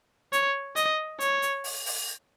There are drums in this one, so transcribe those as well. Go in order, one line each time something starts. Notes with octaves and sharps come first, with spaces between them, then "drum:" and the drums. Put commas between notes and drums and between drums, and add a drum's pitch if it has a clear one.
C#5, drum: hi-hat
D#5, drum: hi-hat
C#5, drum: hi-hat
drum: hi-hat
drum: open hi-hat
drum: open hi-hat